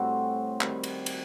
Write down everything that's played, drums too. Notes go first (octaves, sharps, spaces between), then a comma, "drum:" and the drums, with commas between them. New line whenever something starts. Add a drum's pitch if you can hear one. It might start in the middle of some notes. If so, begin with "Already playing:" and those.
Already playing: A2 G3 C4 F#4
D#3 G3 C4, drum: clap
drum: cymbal
drum: cymbal